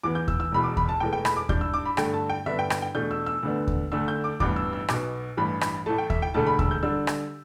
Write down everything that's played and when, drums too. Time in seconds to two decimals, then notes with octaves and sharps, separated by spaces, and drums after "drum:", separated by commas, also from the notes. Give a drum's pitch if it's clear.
0.03 E2 E3 B3 D6
0.15 G6
0.28 E6, drum: kick D#2
0.40 E6
0.52 E1 E2 B2 B5
0.64 D6
0.77 B5, drum: kick D#2
0.89 A5
1.00 E1 E2 E3 A3 G5
1.13 G5
1.25 B5, drum: rim click
1.36 D6
1.49 G2 G3 D4 G6, drum: kick D#2
1.61 E6
1.74 D6
1.85 B5
1.97 G2 D3 A3 D4 G5, drum: rim click
2.14 A5
2.29 G5
2.46 G2 D3 B3 D4 E5
2.59 G5
2.70 G5, drum: rim click
2.82 G5
2.95 E2 B2 A3 D4 G6
3.11 E6
3.26 E6
3.43 D2 D3 B3 D4
3.68 drum: kick D#2
3.92 D2 D3 A3 D4 E6
4.08 G6
4.24 D6
4.40 A1 G2 E3 B3 D6, drum: kick D#2
4.56 E6
4.73 E6
4.88 B1 B2 B3 D6, drum: rim click
5.37 A1 G2 E3 G3 B5
5.61 B5, drum: rim click
5.86 A1 A2 A3 A5
5.98 G5
6.10 E5, drum: kick D#2
6.22 G5
6.34 E1 D2 D3 A3 A5
6.47 B5
6.59 E6, drum: kick D#2
6.71 G6
6.83 D3 G3 D4 E6
7.07 drum: rim click